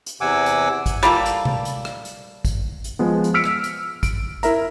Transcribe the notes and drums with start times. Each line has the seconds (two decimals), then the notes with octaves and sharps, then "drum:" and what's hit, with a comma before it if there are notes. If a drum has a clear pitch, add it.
0.06 drum: hi-hat
0.21 E2 C3 F#5 G#5 D6 E6
0.46 drum: hi-hat
0.86 drum: kick, hi-hat
1.03 G3 A#3 F4 A4
1.26 drum: hi-hat
1.45 drum: tom C3
1.65 drum: hi-hat
1.85 drum: rim click
2.05 drum: hi-hat
2.45 drum: kick, hi-hat
2.84 drum: hi-hat
2.99 F3 G#3 B3
3.24 drum: hi-hat
3.34 E6 F6 B6 C#7 D7
3.44 drum: rim click
3.64 drum: hi-hat
4.03 D7, drum: kick, hi-hat
4.43 E4 A#4 E5 A#5, drum: hi-hat